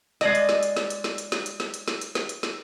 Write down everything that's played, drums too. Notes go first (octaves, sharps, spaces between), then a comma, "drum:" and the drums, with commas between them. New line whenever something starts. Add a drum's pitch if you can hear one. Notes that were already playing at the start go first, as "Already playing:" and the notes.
G#3 D5 D#5, drum: snare
drum: hi-hat
drum: snare
drum: hi-hat
drum: snare
drum: hi-hat
drum: snare
drum: hi-hat
drum: snare
drum: hi-hat
drum: snare
drum: hi-hat
drum: snare
drum: hi-hat
drum: snare
drum: hi-hat
drum: snare